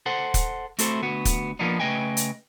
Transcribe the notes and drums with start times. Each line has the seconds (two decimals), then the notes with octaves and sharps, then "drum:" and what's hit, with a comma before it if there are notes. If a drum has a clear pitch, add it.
0.06 A4 C5 F#5
0.34 drum: kick, hi-hat
0.79 A3 C4 E4 F#4 A4 C5, drum: hi-hat
1.02 D2 B3 F#4
1.25 drum: kick, hi-hat
1.59 F3 A#3 B3 D4 D#4
1.80 C#3 A3 B4 D#5 G5 G#5
2.17 drum: hi-hat